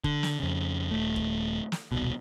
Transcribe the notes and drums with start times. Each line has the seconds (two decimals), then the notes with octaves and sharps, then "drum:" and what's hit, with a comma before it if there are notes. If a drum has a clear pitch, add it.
0.04 D3, drum: kick E1
0.23 drum: snare
0.40 F2 C#3
0.91 D#1 A3
1.16 drum: kick E1
1.72 drum: snare
1.92 D#1 C2 B2